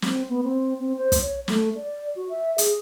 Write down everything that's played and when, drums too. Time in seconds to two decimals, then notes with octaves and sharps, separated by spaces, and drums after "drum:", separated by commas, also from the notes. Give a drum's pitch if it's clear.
0.02 C4, drum: snare
0.29 B3
0.43 C4
0.80 C4
0.98 C5
1.12 drum: kick, hi-hat
1.21 C#5
1.48 A3, drum: snare
1.75 D5
2.16 F#4
2.29 E5
2.58 G#4, drum: hi-hat